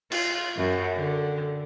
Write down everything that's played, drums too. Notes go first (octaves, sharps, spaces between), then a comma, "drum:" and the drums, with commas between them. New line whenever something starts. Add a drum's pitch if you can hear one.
F4, drum: cymbal
F#2
D3